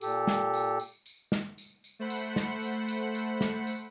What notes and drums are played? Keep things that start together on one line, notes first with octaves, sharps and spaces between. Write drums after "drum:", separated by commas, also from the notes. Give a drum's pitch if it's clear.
A#2 G4 A4, drum: tambourine
drum: snare
drum: tambourine
drum: tambourine
drum: tambourine
drum: snare
drum: tambourine
drum: tambourine
A3 C5 F#5 B5 C#7
drum: tambourine
drum: snare
drum: tambourine
drum: tambourine
drum: tambourine
drum: snare
drum: tambourine